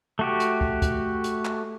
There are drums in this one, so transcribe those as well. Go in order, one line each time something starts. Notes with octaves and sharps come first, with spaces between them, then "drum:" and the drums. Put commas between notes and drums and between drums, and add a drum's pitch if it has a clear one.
A3 F#4 G4
drum: hi-hat
drum: kick
drum: kick, hi-hat
drum: hi-hat
drum: clap